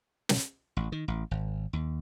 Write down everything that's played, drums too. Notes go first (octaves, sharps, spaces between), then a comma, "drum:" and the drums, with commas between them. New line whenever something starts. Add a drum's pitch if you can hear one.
drum: snare
A1
D#3
A1
G#1
D#2